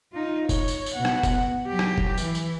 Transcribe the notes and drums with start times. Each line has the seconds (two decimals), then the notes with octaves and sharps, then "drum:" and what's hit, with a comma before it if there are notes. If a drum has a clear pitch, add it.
0.13 D#4 F4
0.49 C#5, drum: kick, tambourine
0.68 drum: tambourine
0.86 drum: tambourine
0.96 B2 F#5
1.05 drum: rim click
1.23 drum: kick, tambourine
1.68 F#3 G4
1.79 drum: rim click
1.98 drum: kick
2.17 E3, drum: tambourine
2.35 drum: tambourine